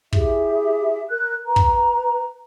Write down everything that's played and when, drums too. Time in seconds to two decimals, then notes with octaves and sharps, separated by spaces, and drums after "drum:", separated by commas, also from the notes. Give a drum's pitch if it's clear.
0.13 E4 G4 G#4 E5, drum: kick
1.09 A#4 F#6
1.46 B4 A#5
1.56 drum: kick